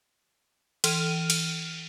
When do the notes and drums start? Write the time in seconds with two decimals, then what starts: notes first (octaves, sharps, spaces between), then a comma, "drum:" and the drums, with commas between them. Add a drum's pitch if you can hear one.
0.84 E3 F6 D#7, drum: cymbal
1.30 drum: cymbal